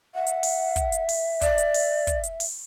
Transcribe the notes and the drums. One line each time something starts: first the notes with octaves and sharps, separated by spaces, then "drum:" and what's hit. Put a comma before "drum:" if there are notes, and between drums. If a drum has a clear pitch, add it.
E5 F#5
drum: hi-hat
drum: open hi-hat
drum: kick, hi-hat
drum: hi-hat
drum: open hi-hat
D5, drum: kick, hi-hat
drum: hi-hat
drum: open hi-hat
drum: kick, hi-hat
drum: hi-hat
drum: open hi-hat